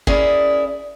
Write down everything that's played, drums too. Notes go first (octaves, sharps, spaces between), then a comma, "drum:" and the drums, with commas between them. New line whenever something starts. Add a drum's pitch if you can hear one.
C#4 E4 G#4 A#4 D5, drum: kick